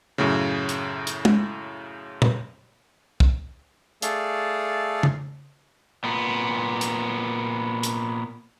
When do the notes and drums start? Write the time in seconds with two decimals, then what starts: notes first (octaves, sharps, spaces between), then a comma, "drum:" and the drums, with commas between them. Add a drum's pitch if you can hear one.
0.18 F#2 A2 C#3
0.69 drum: hi-hat
1.07 drum: hi-hat
1.25 drum: tom
2.22 drum: tom
3.20 drum: kick
4.02 A3 G#4 A4 D5 F5, drum: hi-hat
5.03 drum: tom C#3
6.04 A#2 B3
6.81 drum: hi-hat
7.83 drum: hi-hat